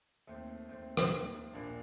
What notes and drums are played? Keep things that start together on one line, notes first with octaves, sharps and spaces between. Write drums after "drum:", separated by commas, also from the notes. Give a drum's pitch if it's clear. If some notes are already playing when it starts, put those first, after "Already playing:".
D#2 A3 C4
D#2 A3 C4
drum: rim click
D#2
A#1 A#3 D4